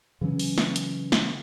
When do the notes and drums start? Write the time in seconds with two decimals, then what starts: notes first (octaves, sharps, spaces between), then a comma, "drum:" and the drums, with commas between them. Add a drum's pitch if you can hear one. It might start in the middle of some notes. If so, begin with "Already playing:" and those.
0.21 C#3 E3 F#3 C#4
0.39 drum: open hi-hat
0.58 drum: snare
0.76 drum: hi-hat
1.12 drum: snare